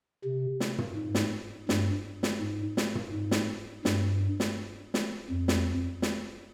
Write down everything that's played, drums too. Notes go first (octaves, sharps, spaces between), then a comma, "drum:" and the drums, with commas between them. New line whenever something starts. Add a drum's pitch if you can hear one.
C3
drum: snare
drum: tom
G#2
drum: snare
G2, drum: snare
drum: snare
G#2
drum: snare
drum: tom
G#2
drum: snare
G2, drum: snare
drum: snare
drum: snare
F2
drum: snare
drum: snare